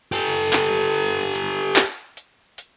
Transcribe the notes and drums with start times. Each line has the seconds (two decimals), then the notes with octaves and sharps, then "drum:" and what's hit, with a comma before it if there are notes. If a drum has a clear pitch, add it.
0.12 G4 A4, drum: hi-hat
0.53 drum: clap
0.94 drum: hi-hat
1.35 drum: hi-hat
1.76 drum: clap
2.17 drum: hi-hat
2.58 drum: hi-hat